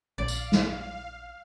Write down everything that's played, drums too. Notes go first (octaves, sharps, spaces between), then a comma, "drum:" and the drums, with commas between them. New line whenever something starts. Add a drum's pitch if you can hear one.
A#1 D5 F5
drum: tambourine
drum: snare